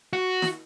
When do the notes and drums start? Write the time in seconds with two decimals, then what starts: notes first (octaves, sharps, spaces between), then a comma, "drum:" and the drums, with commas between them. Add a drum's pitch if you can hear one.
0.13 F#4
0.42 drum: snare